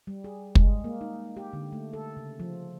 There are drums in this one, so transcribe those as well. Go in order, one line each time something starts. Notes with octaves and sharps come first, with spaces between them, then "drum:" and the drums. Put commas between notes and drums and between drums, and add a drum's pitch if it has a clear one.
G3
G#4
G#3, drum: kick
A#3
D#4
G4
D3
A3
A4
C#3
F3